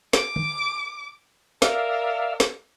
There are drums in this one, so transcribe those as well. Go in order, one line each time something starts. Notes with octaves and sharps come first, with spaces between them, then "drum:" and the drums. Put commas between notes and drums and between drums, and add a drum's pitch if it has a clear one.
D6, drum: snare
drum: tom D3
A#4 D5 E5 F5, drum: snare
drum: snare